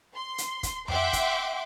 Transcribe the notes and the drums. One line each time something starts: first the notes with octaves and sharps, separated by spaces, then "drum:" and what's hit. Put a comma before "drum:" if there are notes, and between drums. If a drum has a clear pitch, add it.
C6
drum: hi-hat
drum: kick, hi-hat
E5 F#5 G5 C6 D6, drum: tom F2
drum: kick, hi-hat